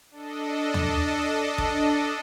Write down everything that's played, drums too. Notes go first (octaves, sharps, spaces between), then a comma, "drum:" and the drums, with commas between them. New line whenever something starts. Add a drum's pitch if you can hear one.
D4 A4 D#5
drum: tom
drum: kick